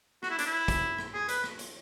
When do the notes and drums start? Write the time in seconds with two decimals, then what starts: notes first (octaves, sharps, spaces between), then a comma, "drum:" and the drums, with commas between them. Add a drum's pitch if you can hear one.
0.23 F#4, drum: rim click
0.31 E4
0.39 D4, drum: hi-hat
0.46 E4
0.68 drum: kick, hi-hat
0.99 drum: rim click
1.14 G#4
1.29 B4, drum: hi-hat
1.44 drum: rim click
1.59 drum: hi-hat